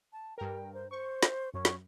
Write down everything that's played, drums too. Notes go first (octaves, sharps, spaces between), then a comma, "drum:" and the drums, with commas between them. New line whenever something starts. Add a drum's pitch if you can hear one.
A5
G2 A#4 G5
C5
C5 C#6
drum: snare
F#2 C#4
drum: snare